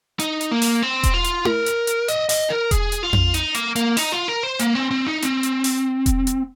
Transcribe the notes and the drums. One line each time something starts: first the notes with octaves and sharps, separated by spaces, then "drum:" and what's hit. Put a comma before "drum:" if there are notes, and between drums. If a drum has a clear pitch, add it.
D#4, drum: hi-hat
drum: hi-hat
A#3
drum: open hi-hat
C4
drum: kick E1, hi-hat
F4
drum: hi-hat
A#4, drum: tom E4
drum: hi-hat
drum: hi-hat
D#5, drum: hi-hat
D#5, drum: open hi-hat
A#4
G#4, drum: kick E1, hi-hat
drum: hi-hat
F4
drum: tom F2
D#4, drum: hi-hat
A#3, drum: hi-hat
A#3, drum: hi-hat
D#4, drum: open hi-hat
F4
A#4
C5
A#3, drum: hi-hat
C4
C4
D#4
C4, drum: hi-hat
drum: hi-hat
drum: open hi-hat
drum: kick E1, hi-hat
drum: hi-hat